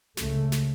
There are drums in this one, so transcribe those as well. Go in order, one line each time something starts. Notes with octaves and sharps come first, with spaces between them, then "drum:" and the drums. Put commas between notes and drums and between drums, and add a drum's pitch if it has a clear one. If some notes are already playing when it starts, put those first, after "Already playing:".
C#2 C#3 A3, drum: snare
drum: snare